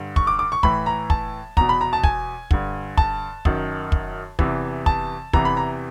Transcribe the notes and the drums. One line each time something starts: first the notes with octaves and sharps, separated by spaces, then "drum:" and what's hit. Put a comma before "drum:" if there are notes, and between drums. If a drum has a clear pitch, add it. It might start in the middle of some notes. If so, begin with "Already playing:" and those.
Already playing: G2 D3
C#6, drum: kick
D6
D6
C#6
A2 E3 B5, drum: kick
A#5
A5, drum: kick
E2 B2 A#5, drum: kick
B5
A#5
A5
G#5, drum: kick
G2 D3, drum: kick
A5, drum: kick
F#2 D#3, drum: kick
drum: kick
E2 C3 E3, drum: kick
A5, drum: kick
E2 C3 E3 A#5, drum: kick
B5
A#5